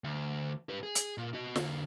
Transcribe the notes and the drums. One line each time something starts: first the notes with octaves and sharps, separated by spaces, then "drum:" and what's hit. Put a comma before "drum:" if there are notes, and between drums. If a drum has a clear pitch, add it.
D2
G4 B4
G#4
drum: hi-hat
A#2
F#4 D#5
D3 A#3, drum: snare